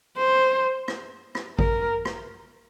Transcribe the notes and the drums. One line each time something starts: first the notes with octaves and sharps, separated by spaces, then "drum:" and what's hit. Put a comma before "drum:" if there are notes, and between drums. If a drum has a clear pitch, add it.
C5
drum: rim click
drum: rim click
A#4, drum: kick G#1
drum: rim click